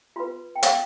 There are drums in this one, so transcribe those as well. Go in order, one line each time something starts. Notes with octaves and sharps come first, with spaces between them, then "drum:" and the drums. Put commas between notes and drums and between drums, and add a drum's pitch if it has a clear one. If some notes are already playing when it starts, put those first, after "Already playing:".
F4 B4 C6
G5
F5, drum: hi-hat